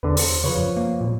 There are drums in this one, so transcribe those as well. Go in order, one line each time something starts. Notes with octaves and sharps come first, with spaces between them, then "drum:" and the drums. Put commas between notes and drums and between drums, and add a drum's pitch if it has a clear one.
E2 D3 B4
C5, drum: open hi-hat
C#3 F3 B4 C#5
F#2
A#3
A#2